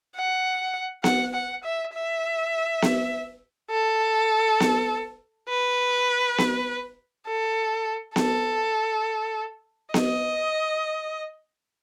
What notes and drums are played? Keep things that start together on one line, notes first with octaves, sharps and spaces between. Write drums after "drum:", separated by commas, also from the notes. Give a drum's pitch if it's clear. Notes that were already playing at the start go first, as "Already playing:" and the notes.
F#5
F#5, drum: snare B3
F#5
E5
E5
drum: snare B3
A4
drum: snare B3
B4
drum: snare B3
A4
A4, drum: snare B3
D#5, drum: snare B3